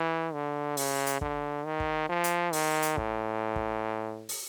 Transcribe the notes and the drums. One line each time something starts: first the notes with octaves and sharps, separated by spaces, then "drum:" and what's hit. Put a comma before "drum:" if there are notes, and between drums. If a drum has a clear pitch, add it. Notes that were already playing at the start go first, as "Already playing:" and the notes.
Already playing: E3
D3
C#3, drum: open hi-hat
drum: hi-hat
D3, drum: kick
D#3
drum: kick
F3
drum: hi-hat
D#3, drum: open hi-hat
drum: hi-hat
A2, drum: kick
drum: kick
drum: open hi-hat